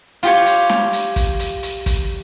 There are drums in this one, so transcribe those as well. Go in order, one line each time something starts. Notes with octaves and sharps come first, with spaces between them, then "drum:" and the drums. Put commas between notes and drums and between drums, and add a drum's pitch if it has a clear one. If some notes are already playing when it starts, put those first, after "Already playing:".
F4 G4 C#5, drum: hi-hat
drum: hi-hat
drum: snare
drum: hi-hat
drum: kick, hi-hat
drum: hi-hat
drum: hi-hat
drum: kick, hi-hat